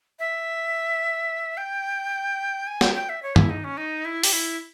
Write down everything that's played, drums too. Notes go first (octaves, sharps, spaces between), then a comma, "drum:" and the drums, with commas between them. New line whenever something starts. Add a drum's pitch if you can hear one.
E5
G5
G#5
G5, drum: snare
G5
E5
C#5
E4, drum: tom
D#4
C#4
D#4
E4
G4, drum: open hi-hat
E4